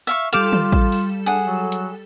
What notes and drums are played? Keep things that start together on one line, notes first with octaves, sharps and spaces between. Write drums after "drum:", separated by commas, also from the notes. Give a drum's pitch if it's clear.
E5 F5 C#6
G3 F4 A4 F5 D6 E7
drum: tom
drum: kick A1
drum: open hi-hat
D4 G#4 F#5
F#3
drum: hi-hat